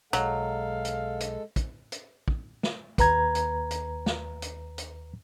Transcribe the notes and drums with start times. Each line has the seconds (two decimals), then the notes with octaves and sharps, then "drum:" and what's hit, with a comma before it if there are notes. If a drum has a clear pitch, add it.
0.13 B1 F#3 G#3 A4 F5, drum: hi-hat
0.85 drum: hi-hat
1.20 drum: hi-hat
1.56 drum: kick, hi-hat
1.92 drum: hi-hat
2.28 drum: kick
2.63 drum: snare
2.98 D#2 B4 A#5 G#6, drum: kick, hi-hat
3.35 drum: hi-hat
3.71 drum: hi-hat
4.06 drum: snare
4.42 drum: hi-hat
4.78 drum: hi-hat